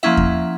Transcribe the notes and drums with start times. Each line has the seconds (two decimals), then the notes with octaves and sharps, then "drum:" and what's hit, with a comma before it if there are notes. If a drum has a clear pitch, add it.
0.03 F3 A#3 C#4 E4 E5 F#5
0.17 drum: kick E2